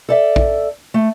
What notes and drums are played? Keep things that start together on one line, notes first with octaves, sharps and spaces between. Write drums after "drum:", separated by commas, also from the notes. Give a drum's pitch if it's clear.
A4 D5 E5
drum: kick A#1
A3